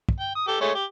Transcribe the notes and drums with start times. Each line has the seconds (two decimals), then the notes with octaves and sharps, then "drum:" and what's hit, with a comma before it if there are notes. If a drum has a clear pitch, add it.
0.09 drum: kick
0.20 G5
0.35 D#6
0.48 G4 A4
0.61 G#3 A3 C#5
0.75 G4